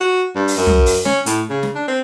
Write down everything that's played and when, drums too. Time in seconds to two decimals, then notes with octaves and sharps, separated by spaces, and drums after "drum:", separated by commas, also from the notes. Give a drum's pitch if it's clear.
0.01 F#4
0.35 G2
0.48 drum: open hi-hat
0.57 F#2
0.67 drum: tom
0.86 drum: open hi-hat
1.05 C#4, drum: snare
1.26 A2, drum: hi-hat
1.50 C#3
1.63 drum: snare
1.75 D4
1.88 C4